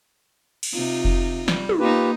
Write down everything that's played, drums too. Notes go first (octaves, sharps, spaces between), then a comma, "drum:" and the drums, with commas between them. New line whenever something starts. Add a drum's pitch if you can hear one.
drum: cymbal
C3 D#4 F4
drum: kick F1
G3, drum: snare
drum: tom
A#3 D#4 F4 G4 B4